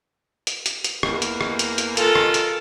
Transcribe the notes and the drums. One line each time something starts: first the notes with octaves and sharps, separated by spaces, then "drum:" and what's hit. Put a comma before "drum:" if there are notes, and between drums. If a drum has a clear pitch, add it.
drum: hi-hat
drum: hi-hat
drum: hi-hat
E2 A#3, drum: rim click
drum: hi-hat
drum: rim click
drum: hi-hat
drum: hi-hat
G#3 F4 A4 A#4, drum: hi-hat
drum: rim click
drum: hi-hat